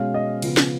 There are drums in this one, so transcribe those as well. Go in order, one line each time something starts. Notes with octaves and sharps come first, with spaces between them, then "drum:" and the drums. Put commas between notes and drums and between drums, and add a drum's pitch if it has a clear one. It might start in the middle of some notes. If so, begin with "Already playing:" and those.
Already playing: B2 G#3 C#4 F5
D#5
C#3 F3 B3, drum: cymbal
drum: snare